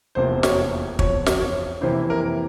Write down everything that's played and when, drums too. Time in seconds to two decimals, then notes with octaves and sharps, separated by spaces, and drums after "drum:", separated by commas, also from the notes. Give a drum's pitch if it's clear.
0.15 F1 E2 C3 F3 A#3 C5
0.43 C#5, drum: snare
0.99 E2 C3 F3 C#5, drum: kick
1.26 drum: snare
1.41 C#5
1.81 F2 C3 E3 A#3 E4 C5
2.10 A#4